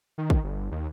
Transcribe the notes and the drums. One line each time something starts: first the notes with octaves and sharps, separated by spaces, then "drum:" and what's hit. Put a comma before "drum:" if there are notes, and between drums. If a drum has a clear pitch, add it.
D#3
drum: kick
G1
D#2